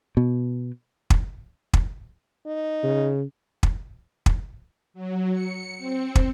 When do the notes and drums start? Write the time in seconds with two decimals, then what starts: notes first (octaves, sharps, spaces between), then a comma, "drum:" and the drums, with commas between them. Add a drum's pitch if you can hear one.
0.17 B2
1.10 drum: kick
1.73 drum: kick
2.46 D#4
2.83 C#3
3.63 drum: kick
4.26 drum: kick
4.94 F#3
5.31 C#7
5.78 C4
6.15 drum: kick